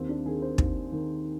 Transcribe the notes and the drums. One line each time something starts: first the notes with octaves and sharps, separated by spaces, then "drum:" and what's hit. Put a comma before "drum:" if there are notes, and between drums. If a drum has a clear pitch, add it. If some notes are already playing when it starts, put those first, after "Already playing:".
Already playing: D#2 C4
D4
D#3 G#4
C5
D#2, drum: kick
D#3